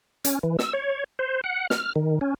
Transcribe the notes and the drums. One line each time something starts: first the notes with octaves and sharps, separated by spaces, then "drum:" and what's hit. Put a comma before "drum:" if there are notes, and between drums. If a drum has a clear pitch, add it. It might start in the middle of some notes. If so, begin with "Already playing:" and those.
C#4, drum: hi-hat
E3
E6, drum: snare
C#5
C5
F#5
F6, drum: snare
D#3
C#4